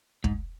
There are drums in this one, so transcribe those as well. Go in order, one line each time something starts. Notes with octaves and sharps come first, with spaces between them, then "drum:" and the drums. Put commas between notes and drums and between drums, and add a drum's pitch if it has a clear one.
G#2, drum: kick